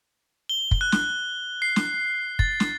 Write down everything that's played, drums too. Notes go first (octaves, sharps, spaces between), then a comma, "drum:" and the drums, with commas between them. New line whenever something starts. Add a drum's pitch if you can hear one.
G7
drum: kick
F#6
drum: snare
C7
drum: snare
A6, drum: kick
drum: snare